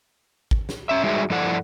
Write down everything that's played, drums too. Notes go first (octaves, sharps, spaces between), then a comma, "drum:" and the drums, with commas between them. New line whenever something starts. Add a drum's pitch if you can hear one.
drum: kick
drum: snare
C#4 E5
G3 G#3 D#4 F#4 G#4 E5
G2 F3 E4 A4 D5 F#5